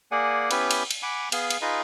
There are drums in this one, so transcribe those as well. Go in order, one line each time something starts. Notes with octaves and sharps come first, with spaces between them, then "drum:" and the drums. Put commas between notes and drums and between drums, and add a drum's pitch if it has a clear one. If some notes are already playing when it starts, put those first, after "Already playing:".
A#3 G#4 D5 F#5 G#5
B3 C#4 E4 G4 B4, drum: cymbal
drum: cymbal
drum: cymbal
F#5 G#5 B5 D6
B3 G#4 F5 G#5, drum: cymbal
drum: cymbal
D#4 F4 G#4 B4 D#5